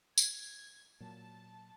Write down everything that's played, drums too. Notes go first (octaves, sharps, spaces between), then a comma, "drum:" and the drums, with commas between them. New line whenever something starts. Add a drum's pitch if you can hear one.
G#6, drum: tambourine
A#2 F#3 A5